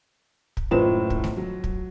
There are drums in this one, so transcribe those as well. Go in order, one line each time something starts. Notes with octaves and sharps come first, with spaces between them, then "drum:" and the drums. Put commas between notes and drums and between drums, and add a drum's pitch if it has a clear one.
drum: kick
F#1 A2 F4 B4 C5 E7
drum: kick
drum: snare A3
F#3
drum: kick